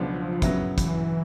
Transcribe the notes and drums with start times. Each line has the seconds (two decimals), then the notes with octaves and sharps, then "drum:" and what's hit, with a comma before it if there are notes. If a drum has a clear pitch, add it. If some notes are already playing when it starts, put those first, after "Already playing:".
Already playing: C#2 B2 F3 F#3 B3 D4
0.42 C#3 F#3 B3 E4, drum: kick, hi-hat
0.78 E3, drum: kick, hi-hat